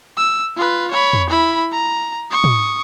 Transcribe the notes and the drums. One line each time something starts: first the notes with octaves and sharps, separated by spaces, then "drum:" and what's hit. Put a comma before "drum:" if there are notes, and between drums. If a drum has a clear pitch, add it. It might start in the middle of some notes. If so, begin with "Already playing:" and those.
E6
F4 B4
C#5 B5
drum: tom
E4 B5
A#5
C#6 D#6
drum: tom